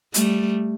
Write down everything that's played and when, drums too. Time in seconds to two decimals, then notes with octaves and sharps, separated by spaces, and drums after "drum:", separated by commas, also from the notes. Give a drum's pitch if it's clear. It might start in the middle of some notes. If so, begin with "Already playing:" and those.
0.14 G3 A3, drum: hi-hat